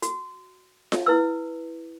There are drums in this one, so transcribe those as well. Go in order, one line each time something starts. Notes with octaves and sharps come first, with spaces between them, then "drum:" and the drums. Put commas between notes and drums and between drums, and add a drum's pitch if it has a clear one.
F#4, drum: hi-hat
drum: snare F4
E4 B4 E6